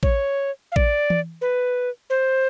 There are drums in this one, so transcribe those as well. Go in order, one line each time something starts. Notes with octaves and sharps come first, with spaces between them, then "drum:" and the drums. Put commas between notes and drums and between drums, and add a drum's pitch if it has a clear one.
C#5, drum: kick A1
F5
D5, drum: kick A1
drum: tom E3
B4
C5